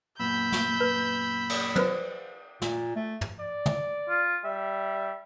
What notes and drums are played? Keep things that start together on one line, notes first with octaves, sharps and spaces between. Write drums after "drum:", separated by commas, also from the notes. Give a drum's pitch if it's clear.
F#2 A#2 B3 B5 E6 G6
drum: snare
B4
drum: cymbal
F4 B4 C5, drum: tom
A#2, drum: snare
A3
drum: tom
D5
drum: tom
F4
G3 E5